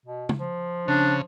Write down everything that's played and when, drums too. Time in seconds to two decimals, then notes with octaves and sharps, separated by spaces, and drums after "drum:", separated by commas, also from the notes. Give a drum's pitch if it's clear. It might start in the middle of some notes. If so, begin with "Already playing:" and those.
0.06 B2
0.29 drum: tom
0.39 F3
0.88 C#3 D4